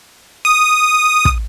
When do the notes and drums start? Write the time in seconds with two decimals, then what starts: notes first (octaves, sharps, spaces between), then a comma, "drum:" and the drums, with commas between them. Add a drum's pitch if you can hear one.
0.45 D#6
1.25 drum: kick